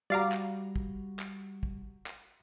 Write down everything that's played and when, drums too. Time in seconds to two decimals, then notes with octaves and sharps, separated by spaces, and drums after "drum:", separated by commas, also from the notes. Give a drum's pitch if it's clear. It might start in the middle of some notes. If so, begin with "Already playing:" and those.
0.10 G3 F#4 D5 F5 A#5 D6
0.32 drum: clap
0.76 drum: kick
1.19 drum: clap
1.63 drum: kick
2.06 drum: clap